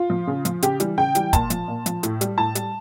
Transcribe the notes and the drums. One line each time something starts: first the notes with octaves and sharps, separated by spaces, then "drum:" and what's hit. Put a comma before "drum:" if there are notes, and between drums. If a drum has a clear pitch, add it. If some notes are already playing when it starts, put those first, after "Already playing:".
Already playing: F4
F3
C#3
F3, drum: hi-hat
C#3 G4, drum: hi-hat
E3 G3, drum: hi-hat
C#3 G5
E3 G3, drum: hi-hat
A#2 A5, drum: kick, hi-hat
F3, drum: hi-hat
A#2
F3, drum: hi-hat
A2, drum: hi-hat
G3, drum: hi-hat
A2 A5
G3, drum: hi-hat